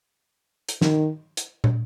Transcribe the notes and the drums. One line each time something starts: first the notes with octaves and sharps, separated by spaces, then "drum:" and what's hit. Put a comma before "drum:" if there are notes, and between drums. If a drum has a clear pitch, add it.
drum: hi-hat
D#3, drum: snare
drum: hi-hat
drum: tom